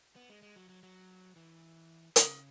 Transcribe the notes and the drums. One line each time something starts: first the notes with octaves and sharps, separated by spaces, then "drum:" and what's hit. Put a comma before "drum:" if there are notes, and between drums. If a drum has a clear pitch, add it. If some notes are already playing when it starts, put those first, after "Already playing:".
B3
G#3
G#3
F#3
F#3
F#3
E3
C#3, drum: hi-hat